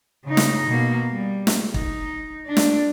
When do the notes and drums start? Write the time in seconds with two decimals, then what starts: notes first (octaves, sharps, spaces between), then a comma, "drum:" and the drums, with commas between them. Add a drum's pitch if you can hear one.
0.25 C#3 D#4
0.37 drum: snare
0.67 B2 A#3
1.11 G3
1.47 drum: snare
1.74 D#4, drum: kick
2.47 D4
2.57 drum: snare